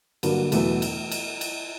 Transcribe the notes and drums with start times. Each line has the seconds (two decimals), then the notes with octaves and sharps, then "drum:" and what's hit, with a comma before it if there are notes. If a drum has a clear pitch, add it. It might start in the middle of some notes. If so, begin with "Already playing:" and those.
0.23 G2 D3 F#3 A#3, drum: cymbal
0.52 E2 B2 F#3 A3, drum: cymbal
0.82 drum: cymbal
1.12 drum: cymbal
1.41 drum: cymbal